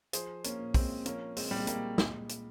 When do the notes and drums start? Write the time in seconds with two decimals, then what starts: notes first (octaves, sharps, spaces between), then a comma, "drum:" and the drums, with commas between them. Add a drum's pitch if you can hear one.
0.13 F3 G#4 C5, drum: hi-hat
0.44 A#3 C#4, drum: hi-hat
0.59 A#2
0.74 G#3 C4, drum: kick, open hi-hat
1.06 F3 A#3 C#4, drum: hi-hat
1.37 G#3 C4, drum: open hi-hat
1.51 A#2 G3
1.59 G#3
1.67 G3 A#3, drum: hi-hat
1.98 A#2 G#3, drum: snare
2.29 drum: hi-hat